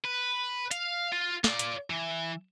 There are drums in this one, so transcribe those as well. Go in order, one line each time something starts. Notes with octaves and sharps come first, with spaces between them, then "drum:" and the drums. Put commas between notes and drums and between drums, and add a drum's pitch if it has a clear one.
B4
F5, drum: hi-hat
F4
F4 D5, drum: snare
drum: hi-hat
E3